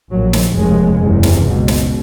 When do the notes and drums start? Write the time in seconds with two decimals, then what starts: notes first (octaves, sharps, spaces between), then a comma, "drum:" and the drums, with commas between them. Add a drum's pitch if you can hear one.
0.10 A#1 A#2 F#3
0.33 drum: snare
0.55 F1 D#2 C#3 G#3
1.01 F#1 E2 C3
1.23 drum: snare
1.45 C#2 B2
1.68 drum: snare